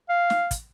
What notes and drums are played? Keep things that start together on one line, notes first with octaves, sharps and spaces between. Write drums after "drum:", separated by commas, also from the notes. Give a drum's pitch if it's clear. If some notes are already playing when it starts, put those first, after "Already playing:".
F5
drum: snare
drum: kick, hi-hat